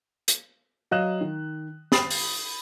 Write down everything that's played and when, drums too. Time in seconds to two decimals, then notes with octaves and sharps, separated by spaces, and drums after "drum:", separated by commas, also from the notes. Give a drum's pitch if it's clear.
0.28 drum: hi-hat
0.91 F#3 D#5 F5 F#6 E7
1.21 D#3
1.92 B5 D#6 A6 C7, drum: snare
2.10 drum: open hi-hat